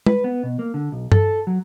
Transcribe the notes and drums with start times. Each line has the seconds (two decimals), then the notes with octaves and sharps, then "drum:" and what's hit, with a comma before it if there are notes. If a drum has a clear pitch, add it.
0.06 B4, drum: tom
0.24 B3
0.43 B2
0.59 A#3
0.74 D3
0.92 B1
1.12 A4, drum: tom G2
1.47 F#3